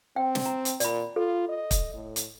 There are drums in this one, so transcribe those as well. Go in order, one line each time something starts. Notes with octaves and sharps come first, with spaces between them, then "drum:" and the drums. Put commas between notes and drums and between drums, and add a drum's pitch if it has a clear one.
C4 G5
drum: snare
A#5
drum: hi-hat
A#2 D5 B5, drum: hi-hat
F4 A4
D#5
drum: kick, hi-hat
A2
drum: hi-hat